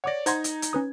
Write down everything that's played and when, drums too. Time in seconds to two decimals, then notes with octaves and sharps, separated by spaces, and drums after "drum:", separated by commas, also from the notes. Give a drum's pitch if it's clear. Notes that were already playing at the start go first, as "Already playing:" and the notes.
0.04 C#5 D5 F#5 D6 A#6
0.26 D#4 C5 F#5 A#5 C6 G#6, drum: hi-hat
0.44 drum: hi-hat
0.62 drum: hi-hat
0.73 C#4 B4 D#6